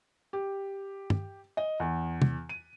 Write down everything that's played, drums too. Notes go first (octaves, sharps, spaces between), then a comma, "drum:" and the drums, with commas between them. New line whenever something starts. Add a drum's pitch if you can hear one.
G4
drum: tom
D#5
E2
drum: tom
D#7